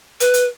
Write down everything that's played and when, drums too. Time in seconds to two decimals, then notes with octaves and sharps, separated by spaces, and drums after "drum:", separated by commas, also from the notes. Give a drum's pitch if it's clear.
0.20 B4, drum: hi-hat
0.34 drum: hi-hat